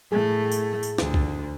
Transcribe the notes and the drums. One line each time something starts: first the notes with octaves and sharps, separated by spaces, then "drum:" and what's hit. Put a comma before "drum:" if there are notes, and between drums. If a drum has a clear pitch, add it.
A2 A3 G#4
drum: tambourine
drum: tambourine
D2, drum: snare
drum: kick